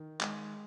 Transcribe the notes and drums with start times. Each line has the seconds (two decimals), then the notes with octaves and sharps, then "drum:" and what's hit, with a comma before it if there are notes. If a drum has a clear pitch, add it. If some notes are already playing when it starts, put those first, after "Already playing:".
Already playing: D#3
0.21 G#3, drum: clap